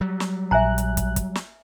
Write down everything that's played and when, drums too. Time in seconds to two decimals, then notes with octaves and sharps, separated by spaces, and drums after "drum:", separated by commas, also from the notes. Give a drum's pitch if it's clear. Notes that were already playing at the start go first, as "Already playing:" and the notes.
0.01 F#3 G3
0.20 drum: snare
0.51 A#1 E5 G#5 A#5 F#6
0.78 drum: hi-hat
0.97 drum: kick, hi-hat
1.16 drum: kick, hi-hat
1.35 drum: snare